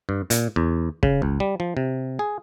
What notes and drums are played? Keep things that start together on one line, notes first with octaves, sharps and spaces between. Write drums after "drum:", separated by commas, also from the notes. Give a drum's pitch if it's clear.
G2
A#2, drum: hi-hat
E2
C#3, drum: kick
C#2
G3
F3
C3
G#4